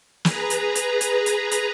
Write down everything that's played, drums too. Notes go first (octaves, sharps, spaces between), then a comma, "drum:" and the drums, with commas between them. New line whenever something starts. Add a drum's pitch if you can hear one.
G#4 B4 A#5, drum: snare
drum: hi-hat
drum: hi-hat
drum: hi-hat
drum: hi-hat
drum: hi-hat